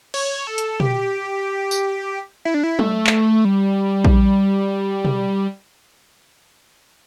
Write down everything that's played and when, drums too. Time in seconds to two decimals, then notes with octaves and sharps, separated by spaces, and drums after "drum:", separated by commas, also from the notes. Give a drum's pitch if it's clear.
0.14 C#5, drum: cymbal
0.47 A4
0.58 drum: hi-hat
0.80 G4, drum: tom
1.71 drum: tambourine
2.45 E4
2.54 D4
2.63 E4
2.79 A3, drum: tom F#3
3.07 drum: clap
3.45 G3
4.04 drum: kick A#1
5.05 drum: tom B2